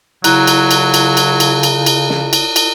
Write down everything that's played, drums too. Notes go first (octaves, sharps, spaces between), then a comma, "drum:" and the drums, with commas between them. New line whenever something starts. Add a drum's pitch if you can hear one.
C#3 F#3 E4 A#5 F#6, drum: cymbal
drum: cymbal
drum: cymbal
drum: cymbal
drum: cymbal
drum: cymbal
drum: cymbal
drum: cymbal
drum: snare
drum: cymbal
drum: cymbal